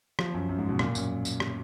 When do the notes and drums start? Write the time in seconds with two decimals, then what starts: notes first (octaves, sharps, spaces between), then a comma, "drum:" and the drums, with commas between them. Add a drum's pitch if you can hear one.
0.19 F3, drum: rim click
0.34 F#2
0.49 F#2
0.58 G#2
0.69 B2
0.79 A#2, drum: rim click
0.95 F#2, drum: tambourine
1.25 drum: tambourine
1.40 drum: rim click